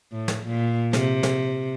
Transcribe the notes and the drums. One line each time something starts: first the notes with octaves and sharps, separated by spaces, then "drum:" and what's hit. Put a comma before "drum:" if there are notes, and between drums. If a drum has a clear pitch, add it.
A2
drum: snare
A#2
C3, drum: snare
drum: snare